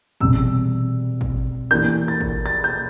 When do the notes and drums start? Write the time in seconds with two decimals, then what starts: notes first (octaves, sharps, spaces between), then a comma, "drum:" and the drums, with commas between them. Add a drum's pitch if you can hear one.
0.20 E1 E2 C3 G3 C4 E6, drum: kick
1.21 drum: kick
1.71 E3 A#3 D4 G4 A#4 G6
2.08 A6
2.21 drum: kick
2.46 A6
2.64 G6